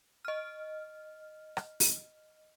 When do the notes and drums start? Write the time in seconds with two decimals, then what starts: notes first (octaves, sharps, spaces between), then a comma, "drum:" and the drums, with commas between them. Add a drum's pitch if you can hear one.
0.25 D#5 F6
1.57 drum: rim click
1.80 drum: open hi-hat